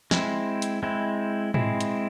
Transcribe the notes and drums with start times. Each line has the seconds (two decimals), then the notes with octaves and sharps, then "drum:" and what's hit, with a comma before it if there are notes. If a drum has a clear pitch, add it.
0.11 G#3 C4 E4, drum: snare
0.62 drum: hi-hat
0.83 G#3 C4 E4
1.54 G#3 C4 E4, drum: tom
1.81 drum: hi-hat